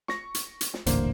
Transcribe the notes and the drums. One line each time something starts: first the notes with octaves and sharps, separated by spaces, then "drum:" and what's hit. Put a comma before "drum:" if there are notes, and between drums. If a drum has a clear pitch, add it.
C#6 A#6, drum: snare
drum: hi-hat
drum: hi-hat
drum: snare
D#1 A1 D3 A#3 C5, drum: hi-hat